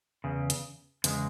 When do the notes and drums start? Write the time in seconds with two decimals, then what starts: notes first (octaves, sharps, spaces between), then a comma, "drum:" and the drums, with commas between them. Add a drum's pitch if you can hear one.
0.24 E2 C#3
0.50 drum: hi-hat
1.04 E2 C#3 G#3, drum: hi-hat